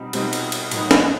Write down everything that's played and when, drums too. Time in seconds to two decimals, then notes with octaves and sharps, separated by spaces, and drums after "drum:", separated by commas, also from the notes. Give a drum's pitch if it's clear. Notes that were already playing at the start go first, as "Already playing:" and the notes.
Already playing: B2 G3 C4 D#4
0.13 B2 G3 C4 D#4, drum: cymbal
0.33 drum: cymbal
0.52 drum: cymbal
0.71 A2 F#3 B3 D#4, drum: cymbal
0.91 drum: snare